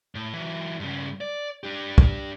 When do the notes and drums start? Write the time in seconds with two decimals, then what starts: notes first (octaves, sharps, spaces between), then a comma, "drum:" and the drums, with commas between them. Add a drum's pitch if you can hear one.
0.15 A2
0.34 E3 F#3
0.80 G2 C#3
1.21 D5
1.64 D4 G4
1.98 drum: kick